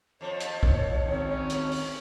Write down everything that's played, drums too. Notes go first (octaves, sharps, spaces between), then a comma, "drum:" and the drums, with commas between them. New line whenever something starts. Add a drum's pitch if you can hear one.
F2 F3 C#5
drum: hi-hat
drum: kick
D#3 C4 C#4
drum: hi-hat
drum: open hi-hat